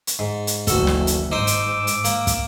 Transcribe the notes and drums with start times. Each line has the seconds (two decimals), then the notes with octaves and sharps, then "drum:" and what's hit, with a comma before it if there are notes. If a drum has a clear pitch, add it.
0.07 drum: hi-hat
0.19 G#2
0.47 drum: hi-hat
0.67 F#1 D2 D#3 F#4 A4, drum: kick, hi-hat
0.87 drum: snare
1.07 drum: hi-hat
1.32 G#2 D#4 C5 D6 E6
1.47 drum: hi-hat
1.87 drum: hi-hat
2.05 A#3, drum: hi-hat
2.27 drum: kick, hi-hat